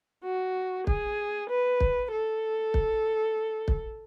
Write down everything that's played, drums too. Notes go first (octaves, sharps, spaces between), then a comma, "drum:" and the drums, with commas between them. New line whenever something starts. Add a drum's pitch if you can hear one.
F#4
G#4, drum: kick
B4
drum: kick
A4
drum: kick
drum: kick